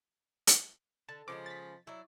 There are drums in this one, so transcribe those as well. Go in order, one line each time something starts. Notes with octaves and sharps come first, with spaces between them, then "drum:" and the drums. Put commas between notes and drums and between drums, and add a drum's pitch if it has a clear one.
drum: hi-hat
D3 A5
C#3 F3 G3 G#3 D6
A6 B6
F#3 E4 D5